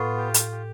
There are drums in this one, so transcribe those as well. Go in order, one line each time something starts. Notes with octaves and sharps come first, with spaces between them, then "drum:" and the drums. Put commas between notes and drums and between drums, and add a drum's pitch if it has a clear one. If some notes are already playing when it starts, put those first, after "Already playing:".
Already playing: A2 B3 F4
G4
drum: hi-hat
G4